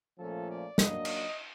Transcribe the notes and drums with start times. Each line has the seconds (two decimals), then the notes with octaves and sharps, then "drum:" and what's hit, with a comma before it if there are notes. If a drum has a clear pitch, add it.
0.19 A#2 F3 A3 C#4 A4
0.49 D5
0.78 F#3 A#3 D4 D#5, drum: snare
1.05 drum: cymbal